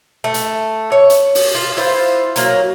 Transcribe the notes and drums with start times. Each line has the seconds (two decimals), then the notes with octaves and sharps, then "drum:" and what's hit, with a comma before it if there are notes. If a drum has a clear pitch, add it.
0.24 A3
0.34 drum: hi-hat
0.92 C#5
1.10 drum: hi-hat
1.35 drum: open hi-hat
1.55 F4
1.77 E4 F4 C5
2.36 F#3 A#3, drum: hi-hat